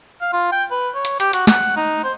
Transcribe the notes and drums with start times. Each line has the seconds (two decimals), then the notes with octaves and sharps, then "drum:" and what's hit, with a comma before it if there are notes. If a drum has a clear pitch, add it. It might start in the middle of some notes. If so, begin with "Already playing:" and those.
0.21 F5
0.33 F4
0.52 G5
0.71 B4
0.95 C#5
1.05 drum: hi-hat
1.20 G4, drum: hi-hat
1.33 F#4, drum: hi-hat
1.47 F#5, drum: snare
1.76 D#4
2.04 C5